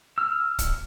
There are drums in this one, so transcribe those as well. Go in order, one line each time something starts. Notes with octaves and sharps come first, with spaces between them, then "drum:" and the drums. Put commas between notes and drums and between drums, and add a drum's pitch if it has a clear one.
E6 F6
drum: kick, hi-hat